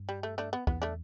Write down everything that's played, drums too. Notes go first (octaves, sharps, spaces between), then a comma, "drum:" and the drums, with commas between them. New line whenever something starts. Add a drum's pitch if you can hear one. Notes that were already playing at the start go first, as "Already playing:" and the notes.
Already playing: G2
G3
A3
A3 D4
B3
E2 B3, drum: kick
A3 D4